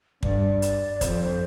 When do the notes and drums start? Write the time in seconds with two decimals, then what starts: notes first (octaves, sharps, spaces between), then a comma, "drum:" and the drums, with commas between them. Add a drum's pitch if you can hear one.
0.23 G2 D5, drum: kick
0.62 drum: hi-hat
0.94 D5
1.01 F2 C5, drum: kick, hi-hat